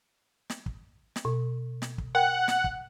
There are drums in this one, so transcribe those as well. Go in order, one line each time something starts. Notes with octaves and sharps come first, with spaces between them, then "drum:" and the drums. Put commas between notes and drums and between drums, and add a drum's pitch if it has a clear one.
drum: snare
drum: kick
drum: snare
B2
drum: snare
drum: kick
A#4 F#5 G5
drum: snare
drum: kick